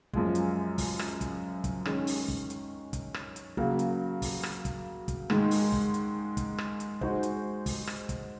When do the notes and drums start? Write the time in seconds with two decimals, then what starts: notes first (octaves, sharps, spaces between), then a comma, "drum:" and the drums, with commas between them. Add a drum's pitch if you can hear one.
0.13 F#2 F3 G#3, drum: kick
0.35 drum: hi-hat
0.78 drum: kick, open hi-hat
0.99 drum: rim click
1.21 drum: kick, hi-hat
1.64 drum: kick, hi-hat
1.85 D#3 G#3 C#4, drum: rim click
2.07 drum: open hi-hat
2.28 drum: kick
2.50 drum: hi-hat
2.93 drum: kick, hi-hat
3.14 drum: rim click
3.36 drum: hi-hat
3.57 C#3 F#3 A#3, drum: kick
3.79 drum: hi-hat
4.22 drum: kick, open hi-hat
4.43 drum: rim click
4.65 drum: kick, hi-hat
5.08 drum: kick, hi-hat
5.30 G#2 D#3 G#3, drum: rim click
5.51 drum: open hi-hat
5.72 drum: kick
5.94 drum: hi-hat
6.37 drum: kick, hi-hat
6.58 drum: rim click
6.80 drum: hi-hat
7.01 G#3 D#4 F#4 C5, drum: kick
7.23 drum: hi-hat
7.66 drum: kick, open hi-hat
7.87 drum: rim click
8.09 drum: kick, hi-hat